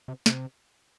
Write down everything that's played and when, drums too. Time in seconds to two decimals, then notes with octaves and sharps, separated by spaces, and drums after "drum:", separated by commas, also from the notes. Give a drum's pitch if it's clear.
0.08 C3
0.26 C3, drum: snare